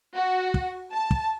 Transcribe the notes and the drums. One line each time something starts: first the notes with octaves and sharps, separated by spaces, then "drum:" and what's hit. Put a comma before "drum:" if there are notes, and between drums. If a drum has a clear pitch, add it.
F#4
drum: kick
A5
drum: kick